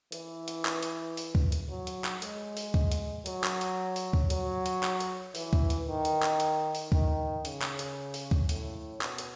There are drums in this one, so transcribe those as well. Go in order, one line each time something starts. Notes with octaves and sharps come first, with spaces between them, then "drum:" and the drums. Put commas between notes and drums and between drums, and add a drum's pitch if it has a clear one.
E3, drum: hi-hat
drum: hi-hat
drum: clap
drum: hi-hat
drum: open hi-hat
drum: kick C#2
drum: hi-hat
F#3
drum: hi-hat
drum: clap
G#3, drum: hi-hat
drum: open hi-hat
drum: kick C#2
drum: hi-hat
F#3, drum: hi-hat
drum: clap
drum: hi-hat
drum: open hi-hat
drum: kick C#2
F#3, drum: hi-hat
drum: hi-hat
drum: clap
drum: hi-hat
E3, drum: open hi-hat
drum: kick C#2
drum: hi-hat
D#3
drum: hi-hat
drum: clap
drum: hi-hat
drum: open hi-hat
D#3, drum: kick C#2
C#3, drum: hi-hat
drum: clap
drum: hi-hat
drum: open hi-hat
drum: kick C#2
A2, drum: hi-hat
B2, drum: clap
drum: hi-hat